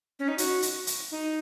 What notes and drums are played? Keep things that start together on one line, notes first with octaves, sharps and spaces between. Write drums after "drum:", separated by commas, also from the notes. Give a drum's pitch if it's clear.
C#4
D#4
F#4, drum: hi-hat
drum: hi-hat
drum: hi-hat
D#4